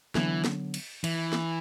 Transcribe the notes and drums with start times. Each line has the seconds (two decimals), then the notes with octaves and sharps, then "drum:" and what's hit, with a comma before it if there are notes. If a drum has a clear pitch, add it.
0.15 D3 E3 F#3 B3 D4, drum: snare
0.45 drum: snare
0.74 drum: cymbal
1.04 E3, drum: cymbal
1.33 drum: snare